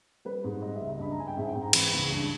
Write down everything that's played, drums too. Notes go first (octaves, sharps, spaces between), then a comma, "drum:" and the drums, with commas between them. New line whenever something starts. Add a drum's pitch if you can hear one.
G3 B4
G#2
G3 D#5
E5
C#2
D#5
G2 B5
A#5
G2 G#5
G5
G#2 E5
G5
G#2
A#5
E3 B5, drum: cymbal
C#2
G2